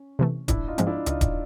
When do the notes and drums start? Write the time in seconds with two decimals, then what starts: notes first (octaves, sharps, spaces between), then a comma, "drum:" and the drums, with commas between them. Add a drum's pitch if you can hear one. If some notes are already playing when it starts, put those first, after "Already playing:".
Already playing: C#4
0.19 C3 E3 A3
0.48 A1 D4 E4, drum: kick D#1, hi-hat
0.67 D#4 F4
0.78 G#2 F3 G#3 C4, drum: hi-hat
0.87 D4 E4
0.97 E4
1.06 C#2 D#4 F4, drum: hi-hat
1.21 drum: kick D#1, hi-hat